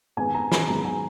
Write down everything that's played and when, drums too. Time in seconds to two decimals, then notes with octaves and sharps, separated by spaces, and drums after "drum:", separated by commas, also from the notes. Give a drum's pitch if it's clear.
0.17 G#2 D#3 G#3 B3 G#5
0.34 A#5
0.52 B5, drum: snare
0.68 G#2 D#3 F#3 B3 A#5
0.85 G#5